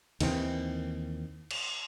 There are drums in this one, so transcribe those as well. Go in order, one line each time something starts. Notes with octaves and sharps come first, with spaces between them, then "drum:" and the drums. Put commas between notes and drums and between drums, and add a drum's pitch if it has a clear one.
D#2 D#3 E3 C4, drum: cymbal
drum: cymbal